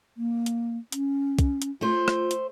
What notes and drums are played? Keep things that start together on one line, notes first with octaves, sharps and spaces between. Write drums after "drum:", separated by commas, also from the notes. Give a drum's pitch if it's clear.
A#3
drum: hi-hat
C#4, drum: hi-hat
drum: kick, hi-hat
drum: hi-hat
A3 F4 C5
drum: rim click
drum: hi-hat